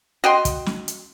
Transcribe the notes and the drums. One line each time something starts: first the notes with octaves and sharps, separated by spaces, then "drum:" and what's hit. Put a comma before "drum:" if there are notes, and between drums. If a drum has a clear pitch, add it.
F#4 D#5 G5 C6
drum: kick, hi-hat
drum: snare
drum: hi-hat